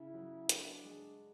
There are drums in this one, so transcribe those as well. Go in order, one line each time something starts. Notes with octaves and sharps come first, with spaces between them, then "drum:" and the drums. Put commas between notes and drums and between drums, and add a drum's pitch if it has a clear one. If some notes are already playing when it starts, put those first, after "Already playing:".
Already playing: C#3 E4
F#3
D4 F#4, drum: hi-hat
G#3